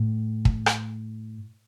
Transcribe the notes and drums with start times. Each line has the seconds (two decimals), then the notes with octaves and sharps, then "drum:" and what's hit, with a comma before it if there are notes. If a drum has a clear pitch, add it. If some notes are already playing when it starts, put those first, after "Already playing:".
Already playing: A2
0.45 drum: kick
0.66 drum: rim click